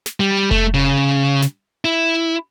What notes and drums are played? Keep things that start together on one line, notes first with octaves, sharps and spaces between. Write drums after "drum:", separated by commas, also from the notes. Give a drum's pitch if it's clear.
drum: snare
G3
A3, drum: kick F1
C#3
drum: snare
E4